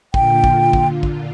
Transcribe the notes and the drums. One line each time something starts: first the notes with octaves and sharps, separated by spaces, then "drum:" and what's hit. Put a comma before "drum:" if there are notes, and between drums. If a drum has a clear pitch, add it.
A#2 D3 F4 G5, drum: kick
drum: kick
drum: kick
drum: kick